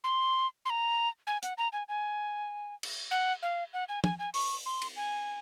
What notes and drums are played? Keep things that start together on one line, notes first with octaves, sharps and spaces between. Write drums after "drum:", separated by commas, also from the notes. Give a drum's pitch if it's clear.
C6
C6
A#5
G#5
F#5, drum: hi-hat
A#5
G#5
G#5
drum: cymbal
F#5
F5
F#5
G#5
G#5, drum: tom
G#5
C#6, drum: open hi-hat
C6
drum: cymbal
G#5